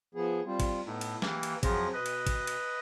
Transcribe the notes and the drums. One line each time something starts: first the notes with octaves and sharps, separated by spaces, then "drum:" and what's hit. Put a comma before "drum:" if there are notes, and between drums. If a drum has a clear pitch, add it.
F3 B3 G#4
G3 C4 F4
drum: kick, cymbal
A2 A3 B3 D#4
drum: cymbal
E3 A#3 G4, drum: snare
drum: cymbal
F2 F3 F#3 G#4 A#6, drum: kick, cymbal
B2 B4 D#5
drum: cymbal
drum: kick, cymbal
drum: cymbal